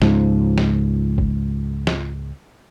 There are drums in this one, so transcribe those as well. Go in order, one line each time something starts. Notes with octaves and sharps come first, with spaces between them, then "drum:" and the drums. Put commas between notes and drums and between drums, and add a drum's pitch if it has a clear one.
C#2 G#2 F3, drum: snare
drum: snare
drum: kick F#1
drum: snare